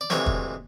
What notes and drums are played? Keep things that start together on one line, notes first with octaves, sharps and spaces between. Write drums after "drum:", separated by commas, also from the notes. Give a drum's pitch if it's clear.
D5
D2 C3 E3 G#3 C#5, drum: snare
drum: kick